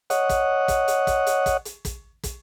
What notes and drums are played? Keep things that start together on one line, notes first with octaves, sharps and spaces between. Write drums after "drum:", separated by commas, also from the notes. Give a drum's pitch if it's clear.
C#5 D#5 F#5, drum: hi-hat
drum: kick, hi-hat
drum: kick, hi-hat
drum: hi-hat
drum: kick, hi-hat
drum: hi-hat
drum: kick, hi-hat
drum: hi-hat
drum: kick, hi-hat
drum: kick, hi-hat